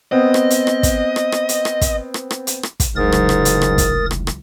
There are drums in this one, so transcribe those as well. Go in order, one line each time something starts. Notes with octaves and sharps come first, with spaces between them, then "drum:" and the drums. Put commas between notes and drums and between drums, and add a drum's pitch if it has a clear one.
B3 C4 D#5
drum: rim click
drum: hi-hat
drum: rim click
drum: kick, hi-hat
drum: rim click
drum: rim click
drum: hi-hat
drum: rim click
drum: kick, hi-hat
drum: rim click
drum: rim click
drum: hi-hat
drum: rim click
drum: kick, hi-hat
F1 C#2 G#2 E3 F#3 A#4 D#6 A6
drum: rim click
drum: rim click
drum: hi-hat
drum: rim click
drum: kick, hi-hat
drum: rim click
drum: rim click